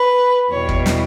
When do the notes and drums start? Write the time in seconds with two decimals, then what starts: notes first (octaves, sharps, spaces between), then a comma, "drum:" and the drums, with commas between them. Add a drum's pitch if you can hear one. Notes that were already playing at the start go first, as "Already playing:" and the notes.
Already playing: B4
0.51 E2 B2 G3 C#5
0.69 drum: kick
0.86 drum: snare